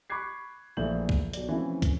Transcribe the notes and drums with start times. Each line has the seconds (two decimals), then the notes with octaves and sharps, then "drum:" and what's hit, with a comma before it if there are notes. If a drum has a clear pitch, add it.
0.10 B5 C#6 D6 F#6 G#6 C7
0.77 A#1 E3 A3 G6 F#7
1.09 drum: kick
1.33 B1 D5, drum: hi-hat
1.49 E3 F3 A3 C4 C#4 E4
1.82 drum: kick, hi-hat